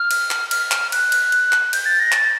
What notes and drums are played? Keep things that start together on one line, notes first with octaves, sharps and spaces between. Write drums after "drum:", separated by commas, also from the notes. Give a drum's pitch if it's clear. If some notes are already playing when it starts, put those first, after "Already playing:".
Already playing: F6
drum: cymbal
drum: clap
F6, drum: cymbal
drum: clap
F#6, drum: cymbal
drum: cymbal
drum: cymbal
drum: clap
G6, drum: cymbal
A6
A#6
A6, drum: clap